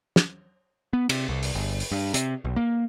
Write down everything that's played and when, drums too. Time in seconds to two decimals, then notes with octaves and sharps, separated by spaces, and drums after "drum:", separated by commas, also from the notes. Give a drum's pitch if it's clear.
0.16 drum: snare
0.93 B3
1.09 C3, drum: cymbal
1.29 C2
1.43 drum: open hi-hat
1.55 G1
1.80 drum: open hi-hat
1.92 G2
2.14 C3, drum: hi-hat
2.45 B1
2.56 A#3